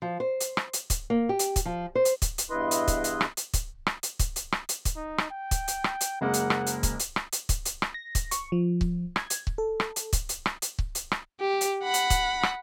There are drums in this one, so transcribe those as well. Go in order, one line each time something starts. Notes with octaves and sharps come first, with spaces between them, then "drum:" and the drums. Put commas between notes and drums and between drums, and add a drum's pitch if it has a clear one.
F3
C5
drum: hi-hat
drum: rim click
drum: hi-hat
drum: kick C#1, hi-hat
A#3
G4
drum: hi-hat
drum: kick C#1, hi-hat
F3
C5
drum: hi-hat
drum: kick C#1, hi-hat
drum: hi-hat
E2 G2 E4 B4 D#5 C6
drum: hi-hat
drum: kick C#1, hi-hat
drum: hi-hat
drum: rim click
drum: hi-hat
drum: kick C#1, hi-hat
drum: rim click
drum: hi-hat
drum: kick C#1, hi-hat
drum: hi-hat
drum: rim click
drum: hi-hat
drum: kick C#1, hi-hat
D#4
drum: rim click
G5
drum: kick C#1, hi-hat
drum: hi-hat
drum: rim click
drum: hi-hat
F#1 G#3 A#3 F#5
drum: hi-hat
drum: rim click
drum: hi-hat
drum: kick C#1, hi-hat
drum: hi-hat
drum: rim click
drum: hi-hat
drum: kick C#1, hi-hat
drum: hi-hat
drum: rim click
A#6
drum: kick C#1, hi-hat
C#6, drum: hi-hat
F3
drum: kick C#1
G#6, drum: rim click
drum: hi-hat
drum: kick C#1
A4
drum: rim click
drum: hi-hat
drum: kick C#1, hi-hat
drum: hi-hat
drum: rim click
drum: hi-hat
drum: kick C#1
drum: hi-hat
drum: rim click
G4
drum: hi-hat
F#5 B5
drum: hi-hat
drum: kick C#1, hi-hat
drum: rim click